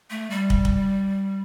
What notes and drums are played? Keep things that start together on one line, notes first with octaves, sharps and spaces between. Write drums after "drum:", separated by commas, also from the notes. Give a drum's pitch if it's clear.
A3
G3
drum: kick
drum: kick